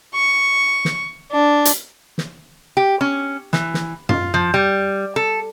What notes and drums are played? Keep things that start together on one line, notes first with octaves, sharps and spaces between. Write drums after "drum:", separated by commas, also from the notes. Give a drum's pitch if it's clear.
C#6
drum: snare
D4
drum: hi-hat
drum: snare
G4
C#4
E3, drum: snare
drum: snare
F4, drum: tom F#2
F3
G3
A4